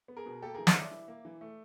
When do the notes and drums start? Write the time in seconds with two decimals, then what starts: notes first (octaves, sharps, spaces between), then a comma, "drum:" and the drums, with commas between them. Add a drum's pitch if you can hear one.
0.08 B3
0.17 G#4 A#4
0.26 B2
0.42 A#3 G4 A4
0.55 E3 G#4 A#4
0.67 C#5 D#5, drum: snare
0.75 G3 D5 E5
0.91 E3
1.08 A#3
1.25 E3
1.41 A3